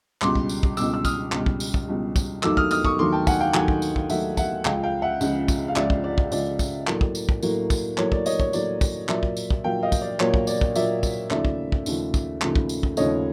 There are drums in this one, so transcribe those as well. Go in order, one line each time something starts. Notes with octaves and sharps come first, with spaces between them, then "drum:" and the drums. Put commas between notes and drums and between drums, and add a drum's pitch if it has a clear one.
C#2 B2 G3 C6 D6, drum: clap
drum: kick
drum: tambourine
drum: kick
C#2 B2 G3 D6 E6, drum: tambourine
E6
D#6 F6, drum: kick, tambourine
C#2 B2 G3, drum: clap
drum: kick
drum: tambourine
drum: kick
C#2 B2 G3
drum: kick, tambourine
D#2 D#3 F#3 A3 D6 E6, drum: clap
D#6 F6, drum: kick
D#6 F6, drum: tambourine
C#6 D#6, drum: kick
D#2 D#3 F#3 A3 C6 D6
G5 A5
F#5 G#5, drum: kick, tambourine
F5 G5
D#2 D#3 F#3 A3 F#5 G#5, drum: clap
drum: kick
drum: tambourine
drum: kick
D#2 D#3 F#3 A3 E5 F#5, drum: tambourine
E5 F#5, drum: kick, tambourine
C#2 C#3 F3 G#3 F5 G5, drum: clap
F5 G5
E5 F#5
C#2 C#3 F3 G#3, drum: tambourine
drum: kick, tambourine
F5
C#2 C#3 F3 G#3 D5 E5, drum: clap
drum: kick
D5
drum: kick
C#2 C#3 F3 G#3 D5, drum: tambourine
drum: kick, tambourine
A2 F#3 A#3, drum: clap
drum: kick
drum: tambourine
drum: kick
A2 F#3 A#3, drum: tambourine
drum: kick, tambourine
A2 F#3 A#3 C#5, drum: clap
D5, drum: kick
C#5 D#5, drum: tambourine
C#5, drum: kick
A2 F#3 A#3 D5, drum: tambourine
drum: kick, tambourine
A#2 F#3 A#3 D5 E5, drum: clap
drum: kick
drum: tambourine
drum: kick
A#2 F#3 A#3 F5 G5
D#5 F5
drum: kick, tambourine
D5
A#2 F#3 A#3 C#5, drum: clap
drum: kick
D5, drum: tambourine
drum: kick
A#2 F#3 A#3 D5 E5, drum: tambourine
drum: kick, tambourine
D#2 C#3 F3 A3 D5 E5, drum: clap
drum: kick
drum: kick
D#2 C#3 F3 A3, drum: tambourine
drum: kick, tambourine
D#2 C#3 F3 A3, drum: clap
drum: kick
drum: tambourine
drum: kick
D#2 C#3 F3 A3 C#5 D#5, drum: tambourine